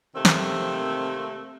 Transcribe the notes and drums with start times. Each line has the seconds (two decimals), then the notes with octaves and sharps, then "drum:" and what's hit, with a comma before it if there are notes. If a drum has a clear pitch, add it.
0.15 C3 D#3 A3 A#3 C4
0.25 drum: snare